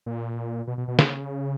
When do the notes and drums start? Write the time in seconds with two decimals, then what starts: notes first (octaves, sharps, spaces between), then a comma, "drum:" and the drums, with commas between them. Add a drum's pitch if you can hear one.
0.06 A#2
0.67 B2
0.78 B2
0.88 B2
0.99 C#3, drum: snare